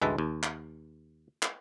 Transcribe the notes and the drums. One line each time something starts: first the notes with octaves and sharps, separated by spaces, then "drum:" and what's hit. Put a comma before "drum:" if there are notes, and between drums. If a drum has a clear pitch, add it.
A1 D2 G#3 B4 E5 A5
D#2
drum: clap
drum: clap